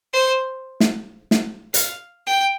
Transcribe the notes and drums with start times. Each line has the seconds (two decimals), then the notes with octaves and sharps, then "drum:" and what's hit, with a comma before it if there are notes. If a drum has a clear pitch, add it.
0.13 C5
0.80 drum: snare
1.31 drum: snare
1.74 F5, drum: hi-hat
2.27 G5